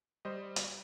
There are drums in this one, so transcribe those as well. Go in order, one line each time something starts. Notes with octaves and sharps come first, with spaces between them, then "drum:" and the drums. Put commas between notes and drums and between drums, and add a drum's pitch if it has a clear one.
G3 C5 D#5
drum: hi-hat